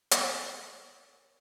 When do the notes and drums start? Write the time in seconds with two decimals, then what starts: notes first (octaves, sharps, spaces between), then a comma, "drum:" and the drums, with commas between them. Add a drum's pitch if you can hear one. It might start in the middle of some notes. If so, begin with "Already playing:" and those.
0.11 E4 A#4 C#5 D5 E5, drum: hi-hat